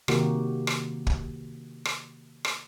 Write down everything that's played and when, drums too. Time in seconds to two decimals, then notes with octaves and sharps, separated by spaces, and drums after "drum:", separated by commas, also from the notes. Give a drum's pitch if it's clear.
0.08 C3 D#3 A#3 F#4 G4 A#4, drum: rim click
0.67 drum: rim click
1.07 drum: kick
1.85 drum: rim click
2.45 drum: rim click